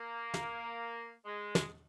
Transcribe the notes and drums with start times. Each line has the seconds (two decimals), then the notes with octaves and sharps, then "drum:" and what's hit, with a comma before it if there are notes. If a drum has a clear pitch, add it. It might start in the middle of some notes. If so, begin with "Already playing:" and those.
Already playing: A#3
0.34 drum: snare
1.24 G#3
1.55 drum: snare